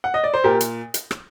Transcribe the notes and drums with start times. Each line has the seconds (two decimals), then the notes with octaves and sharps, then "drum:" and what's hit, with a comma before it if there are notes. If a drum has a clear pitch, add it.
0.04 F#5
0.14 D#5
0.24 D5
0.34 C5
0.44 A#2 G4 A#4
0.61 drum: hi-hat
0.94 drum: hi-hat
1.11 drum: rim click